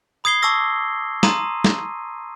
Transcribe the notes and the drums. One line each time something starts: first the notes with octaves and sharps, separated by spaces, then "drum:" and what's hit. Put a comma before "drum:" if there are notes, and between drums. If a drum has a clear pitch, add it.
B5 D#6 G#6 C7 G7
A5 C#6 D6 E6 A#6
A#5 C6 D#6 D#7, drum: snare
drum: snare